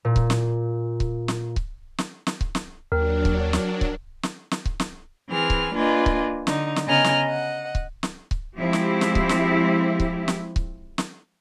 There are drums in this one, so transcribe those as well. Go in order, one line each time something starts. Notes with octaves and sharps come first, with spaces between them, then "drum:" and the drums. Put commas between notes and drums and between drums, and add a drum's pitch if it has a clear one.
A#2
drum: kick C#1
drum: snare
drum: kick C#1
drum: snare
drum: kick C#1
drum: snare
drum: snare
drum: kick C#1
drum: snare
D#2 F#3 D4 A#4 G5
drum: kick C#1
drum: snare
drum: kick C#1
drum: snare
drum: snare
drum: kick C#1
drum: snare
E3 C4 G#4 B4 F6
drum: kick C#1
A#3 D4 F4 B4 D#5 G#5
drum: kick C#1
D3 D#4, drum: snare
drum: snare
C#3 B3 D#5 G#5 A#5 F6
drum: snare
D#5 F#5
drum: kick C#1
drum: snare
drum: kick C#1
F3 G#3 C4 E4 G4
drum: snare
drum: snare
drum: kick C#1
drum: snare
drum: kick C#1
drum: snare
drum: kick C#1
drum: snare